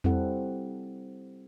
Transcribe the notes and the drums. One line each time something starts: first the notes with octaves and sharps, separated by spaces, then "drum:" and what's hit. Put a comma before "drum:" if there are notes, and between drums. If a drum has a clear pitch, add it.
G3 C4 E4 G4 A4 F#5, drum: tom E2